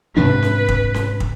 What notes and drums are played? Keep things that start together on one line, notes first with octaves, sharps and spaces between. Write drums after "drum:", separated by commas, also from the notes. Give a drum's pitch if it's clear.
G#2 C3 D4 B4
drum: snare C#4
drum: kick
drum: snare C#4
drum: kick